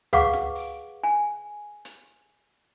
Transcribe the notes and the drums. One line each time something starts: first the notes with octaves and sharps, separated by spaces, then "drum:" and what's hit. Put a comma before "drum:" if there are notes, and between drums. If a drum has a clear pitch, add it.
G#4 B4 F5 F#5 C#6 D6, drum: tom C#2
drum: snare
drum: open hi-hat
G#5
drum: hi-hat